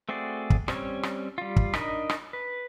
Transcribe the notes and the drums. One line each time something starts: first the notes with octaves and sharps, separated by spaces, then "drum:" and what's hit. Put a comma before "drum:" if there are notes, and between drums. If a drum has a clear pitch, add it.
A3 C4 F#4 G#4 D5
drum: kick
G3 C4 C#4 C#5, drum: rim click
drum: rim click
G3 F4
drum: kick
D4 D#4 A#4 D#5 B5, drum: rim click
drum: rim click
B4